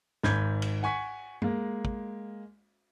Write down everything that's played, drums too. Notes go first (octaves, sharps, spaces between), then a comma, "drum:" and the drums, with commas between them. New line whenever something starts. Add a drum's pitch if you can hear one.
G#1 G#2 B5 G6 G#6, drum: snare
drum: cymbal
F#5 G#5 C#6 B6
G#3 A#3, drum: tom G2
drum: kick